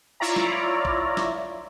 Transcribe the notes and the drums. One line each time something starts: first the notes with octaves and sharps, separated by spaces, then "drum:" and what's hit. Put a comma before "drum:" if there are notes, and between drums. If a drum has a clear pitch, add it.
E4 F4 C#5 D5 E5 A#5
drum: snare
drum: kick A#1
drum: snare